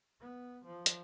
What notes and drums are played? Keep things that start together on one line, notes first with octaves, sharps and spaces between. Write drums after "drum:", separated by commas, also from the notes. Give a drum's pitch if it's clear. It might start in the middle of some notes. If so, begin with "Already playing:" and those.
B3
F3
drum: hi-hat